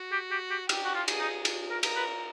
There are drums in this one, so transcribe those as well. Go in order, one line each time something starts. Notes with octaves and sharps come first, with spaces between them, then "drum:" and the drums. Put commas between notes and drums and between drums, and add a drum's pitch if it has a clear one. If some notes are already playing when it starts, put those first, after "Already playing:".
Already playing: F#4
G4
G4
G4
G4, drum: cymbal
F#4
F4
G#4, drum: cymbal
D#4
drum: cymbal
A#4
A#4, drum: cymbal
B4